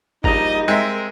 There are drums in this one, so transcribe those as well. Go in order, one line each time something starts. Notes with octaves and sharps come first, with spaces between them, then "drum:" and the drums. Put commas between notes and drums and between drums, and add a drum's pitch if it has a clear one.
A#1 G3 D#4 D#5 A#5, drum: kick
G#3 C4 A#4 E5